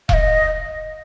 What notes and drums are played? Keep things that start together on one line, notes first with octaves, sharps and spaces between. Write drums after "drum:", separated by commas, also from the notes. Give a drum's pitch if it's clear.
F5, drum: kick E1
D#5